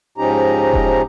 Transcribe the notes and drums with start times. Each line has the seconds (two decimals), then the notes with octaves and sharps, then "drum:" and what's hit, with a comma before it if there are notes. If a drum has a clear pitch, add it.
0.18 G#2 F3 C#4 D#4 G4 A#5
0.74 drum: kick E1